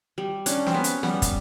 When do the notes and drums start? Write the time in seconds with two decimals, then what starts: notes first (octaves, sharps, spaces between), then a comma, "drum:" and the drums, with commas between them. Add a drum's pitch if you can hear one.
0.18 G3
0.46 C#4 D4, drum: hi-hat
0.66 C4, drum: snare
0.74 B3 C#4
0.84 drum: hi-hat
1.03 G3 B3, drum: snare
1.22 drum: kick, hi-hat